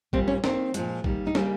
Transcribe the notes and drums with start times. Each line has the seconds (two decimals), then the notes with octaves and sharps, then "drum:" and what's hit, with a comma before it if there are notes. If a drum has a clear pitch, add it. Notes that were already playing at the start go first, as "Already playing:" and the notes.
0.13 A#2 G3 A#3 C4, drum: kick G#1
0.28 C#4
0.44 D#3 A#3 C4, drum: snare
0.74 A#2 F3 G#3, drum: hi-hat
1.04 D#3 G3 A#3, drum: kick G#1
1.27 D#4
1.35 C#3 G3 A#3 C#4, drum: snare